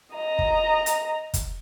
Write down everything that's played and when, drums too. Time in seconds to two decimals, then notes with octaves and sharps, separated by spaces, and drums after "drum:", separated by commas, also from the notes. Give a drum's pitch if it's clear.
0.15 D#5 A#5
0.39 drum: kick
0.86 drum: hi-hat
1.34 drum: kick, hi-hat